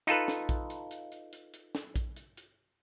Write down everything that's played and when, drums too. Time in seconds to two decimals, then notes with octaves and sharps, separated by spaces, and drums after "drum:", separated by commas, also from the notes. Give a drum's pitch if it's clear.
0.07 D#4 F4 A4 B4, drum: hi-hat
0.28 drum: snare
0.49 drum: kick A#1, hi-hat
0.70 drum: hi-hat
0.91 drum: hi-hat
1.12 drum: hi-hat
1.33 drum: hi-hat
1.54 drum: hi-hat
1.75 drum: snare
1.96 drum: kick A#1, hi-hat
2.16 drum: hi-hat
2.37 drum: hi-hat